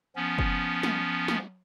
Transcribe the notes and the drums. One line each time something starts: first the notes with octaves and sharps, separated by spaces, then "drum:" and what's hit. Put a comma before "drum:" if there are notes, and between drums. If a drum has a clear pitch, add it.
F3 B3 C#4
drum: kick
drum: snare
drum: snare